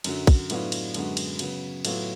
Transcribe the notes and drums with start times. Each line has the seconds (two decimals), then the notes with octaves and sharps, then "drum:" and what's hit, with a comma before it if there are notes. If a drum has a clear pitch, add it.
0.04 F#2 D3 F#3, drum: cymbal
0.27 drum: kick, cymbal
0.50 A2 F#3 B3 D4 F4, drum: cymbal
0.72 drum: cymbal
0.94 F#2 D3 G#3 B3 F#4, drum: cymbal
1.17 drum: cymbal
1.39 C#3 F#3 B3, drum: cymbal
1.85 A2 F#3 B3 F4, drum: cymbal